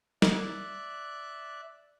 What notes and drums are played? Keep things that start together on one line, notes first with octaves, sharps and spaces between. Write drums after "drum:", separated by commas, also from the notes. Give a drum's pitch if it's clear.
D5 E5 F#6, drum: snare